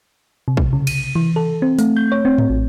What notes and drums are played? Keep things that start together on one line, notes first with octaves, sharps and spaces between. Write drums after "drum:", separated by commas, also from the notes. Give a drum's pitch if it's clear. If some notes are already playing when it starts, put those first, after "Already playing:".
C3
drum: kick
C#3
D#7, drum: cymbal
E3
A4
C4
A3, drum: hi-hat
G6
C#5
C4
drum: tom G#2
A1